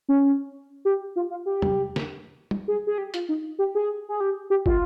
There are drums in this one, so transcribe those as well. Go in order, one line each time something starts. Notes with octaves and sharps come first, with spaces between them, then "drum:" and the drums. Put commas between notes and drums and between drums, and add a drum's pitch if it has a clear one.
C#4
G4
F4
F4
G4
drum: tom
drum: snare
drum: tom
G#4
G#4
G4
F4, drum: hi-hat
D#4
G4
G#4
G#4
G4
G4
F4, drum: kick